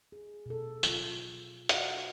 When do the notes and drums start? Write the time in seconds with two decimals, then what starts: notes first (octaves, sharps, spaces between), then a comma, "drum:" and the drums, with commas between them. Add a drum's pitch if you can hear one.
0.12 G#4
0.46 B2 A4
0.83 F#3 F4, drum: tambourine
1.69 F#4 D5 D#5 F5 F#5, drum: hi-hat